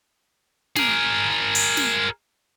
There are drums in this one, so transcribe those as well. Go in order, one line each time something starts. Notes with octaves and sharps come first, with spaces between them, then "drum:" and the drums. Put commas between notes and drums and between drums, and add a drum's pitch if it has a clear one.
G#4 A#4, drum: snare
drum: open hi-hat
drum: snare